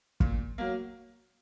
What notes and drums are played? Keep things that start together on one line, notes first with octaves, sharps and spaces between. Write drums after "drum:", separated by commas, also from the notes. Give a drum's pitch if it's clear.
A#2, drum: kick
F#3 A#3